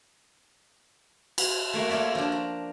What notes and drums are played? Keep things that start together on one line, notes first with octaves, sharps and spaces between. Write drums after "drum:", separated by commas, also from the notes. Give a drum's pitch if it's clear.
drum: cymbal
A3 A#3 F#4
A#3 F4 C#5 D5 E5
F3 D4
A#5